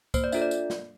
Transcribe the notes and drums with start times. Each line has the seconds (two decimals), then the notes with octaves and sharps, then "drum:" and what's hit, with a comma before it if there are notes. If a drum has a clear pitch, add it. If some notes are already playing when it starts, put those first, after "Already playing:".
0.14 A#3 C5, drum: kick C#2, tambourine
0.24 D5
0.32 D4 F4 A4 E5, drum: tambourine
0.42 D5
0.51 drum: tambourine
0.70 drum: snare